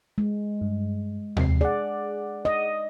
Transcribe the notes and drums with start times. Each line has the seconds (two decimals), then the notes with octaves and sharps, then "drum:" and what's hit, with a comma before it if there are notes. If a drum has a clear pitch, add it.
0.18 G#3
0.61 G2
1.37 F2 C3 C7, drum: tom D#2
1.61 G#4 D5 F#5
2.45 D#5